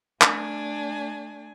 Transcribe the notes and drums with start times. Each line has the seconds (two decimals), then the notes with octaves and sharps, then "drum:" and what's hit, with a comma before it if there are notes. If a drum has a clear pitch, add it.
0.22 A3 D4 G#5, drum: clap